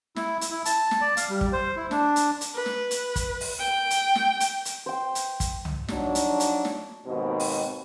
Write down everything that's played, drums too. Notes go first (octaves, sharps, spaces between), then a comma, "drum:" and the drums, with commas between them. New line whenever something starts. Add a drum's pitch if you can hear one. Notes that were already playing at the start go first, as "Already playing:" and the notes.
E4, drum: snare
drum: hi-hat
E4
A5, drum: hi-hat
drum: snare
D5
F5, drum: hi-hat
G3
drum: kick
C5
E4
D4, drum: snare
drum: hi-hat
drum: hi-hat
B4
drum: snare
drum: hi-hat
drum: kick, hi-hat
drum: open hi-hat
G5
drum: hi-hat
drum: snare
drum: hi-hat
drum: hi-hat
C5 G5
drum: hi-hat
drum: kick, hi-hat
drum: tom C2
F3 F#3 D4 D#4, drum: snare
drum: hi-hat
drum: hi-hat
drum: snare
D#2 G#2 B2 C4
drum: open hi-hat